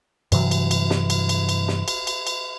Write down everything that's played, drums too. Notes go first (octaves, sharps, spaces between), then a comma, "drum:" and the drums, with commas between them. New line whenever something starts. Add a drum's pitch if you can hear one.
G2 C3 E3 F#3, drum: cymbal
drum: cymbal
drum: cymbal
drum: snare
drum: cymbal
drum: cymbal
drum: cymbal
drum: snare
drum: cymbal
drum: cymbal
drum: cymbal